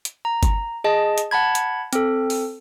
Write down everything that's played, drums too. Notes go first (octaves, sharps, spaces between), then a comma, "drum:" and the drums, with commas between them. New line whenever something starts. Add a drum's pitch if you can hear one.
drum: hi-hat
A#5
drum: kick G1, hi-hat
G#4 D#5 A5
drum: hi-hat
F#5 A5 B5 G#6
drum: hi-hat
C4 A4, drum: hi-hat
drum: open hi-hat